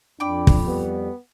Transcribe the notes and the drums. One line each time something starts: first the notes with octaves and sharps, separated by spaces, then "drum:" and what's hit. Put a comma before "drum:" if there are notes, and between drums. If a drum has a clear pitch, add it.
F2 D4 G5 B5 D6
drum: kick
G3 B3